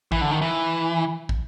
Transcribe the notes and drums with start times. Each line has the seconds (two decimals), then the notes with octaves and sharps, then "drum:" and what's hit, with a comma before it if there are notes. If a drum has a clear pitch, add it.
0.12 E3, drum: kick
0.21 D3
0.31 D#3
0.42 E3
1.29 drum: kick